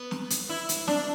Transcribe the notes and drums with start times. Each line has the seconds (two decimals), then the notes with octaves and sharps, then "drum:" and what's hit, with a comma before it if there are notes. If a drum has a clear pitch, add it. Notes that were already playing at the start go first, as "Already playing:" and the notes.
Already playing: B3
0.11 drum: snare
0.30 drum: hi-hat
0.50 E4
0.69 drum: hi-hat
0.88 D4, drum: snare